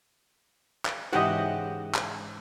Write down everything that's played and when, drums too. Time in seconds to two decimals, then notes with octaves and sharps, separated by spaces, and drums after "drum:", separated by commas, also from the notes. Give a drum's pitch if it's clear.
0.85 drum: clap
1.13 G#2 C#3 E3 F#4 G4 D#5
1.94 drum: clap